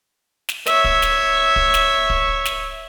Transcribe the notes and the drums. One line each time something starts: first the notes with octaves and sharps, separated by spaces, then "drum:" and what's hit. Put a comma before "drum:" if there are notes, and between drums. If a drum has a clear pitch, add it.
drum: snare
C#5 E5, drum: snare
drum: kick
drum: snare
drum: kick
drum: snare
drum: kick
drum: snare